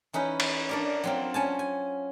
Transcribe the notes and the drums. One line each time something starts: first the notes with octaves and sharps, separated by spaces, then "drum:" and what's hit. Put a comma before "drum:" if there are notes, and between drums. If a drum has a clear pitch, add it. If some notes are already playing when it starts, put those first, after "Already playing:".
E3 C#4 D#4 B4
drum: cymbal
D4 A#4 D5
F#3 C4 F4
C#4 G#5 A5
G#5